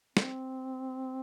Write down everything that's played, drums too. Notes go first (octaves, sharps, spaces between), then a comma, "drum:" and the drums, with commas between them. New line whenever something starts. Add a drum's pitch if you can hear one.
C4, drum: snare